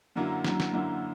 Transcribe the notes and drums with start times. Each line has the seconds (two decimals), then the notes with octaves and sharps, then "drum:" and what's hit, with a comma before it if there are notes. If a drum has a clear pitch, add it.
0.16 F#2 D3 F#3 A#3 E4
0.44 F#2 D3 F#3 A#3 E4, drum: snare
0.60 drum: snare
0.73 F#2 D3 F#3 A#3 E4